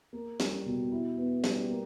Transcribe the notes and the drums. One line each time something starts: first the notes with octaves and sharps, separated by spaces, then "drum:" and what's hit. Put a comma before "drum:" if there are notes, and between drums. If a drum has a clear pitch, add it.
A#3
G3, drum: snare
B2
E4
B3
G3, drum: snare
A#3